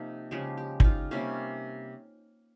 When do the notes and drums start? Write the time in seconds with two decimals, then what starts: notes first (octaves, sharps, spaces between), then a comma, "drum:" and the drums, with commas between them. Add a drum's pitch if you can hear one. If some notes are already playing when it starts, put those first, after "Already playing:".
Already playing: C3 F3 A#3 D#4
0.31 C#3 F3 G#3 G4
0.57 G4
0.80 D#4 F4, drum: kick
1.11 C3 G3 A#3 C#4